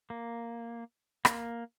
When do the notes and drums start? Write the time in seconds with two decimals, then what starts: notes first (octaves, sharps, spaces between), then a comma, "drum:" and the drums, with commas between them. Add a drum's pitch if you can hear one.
0.10 A#3
1.25 A#3, drum: rim click